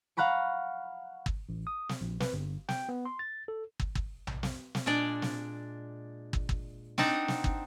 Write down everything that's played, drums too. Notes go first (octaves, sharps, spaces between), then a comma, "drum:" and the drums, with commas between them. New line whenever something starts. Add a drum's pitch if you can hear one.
F5 F#5 A#5 B5 C#6
drum: kick
A1
D#6
drum: snare
A#1
B4, drum: snare
G1
G5, drum: snare
B3
C6
A6
A4
drum: kick
drum: kick
drum: tom A#1
drum: snare
drum: snare
A#2 G#3 D4 D5
drum: snare
drum: kick
drum: kick
C4 D4 D#4 F#5 A5 A#5, drum: snare
drum: snare
drum: kick